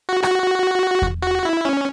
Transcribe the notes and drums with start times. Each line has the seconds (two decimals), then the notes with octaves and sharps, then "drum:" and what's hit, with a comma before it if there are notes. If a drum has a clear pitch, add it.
0.09 F#4
0.23 F#4, drum: rim click
1.02 drum: kick E2
1.23 F#4
1.45 E4
1.65 C#4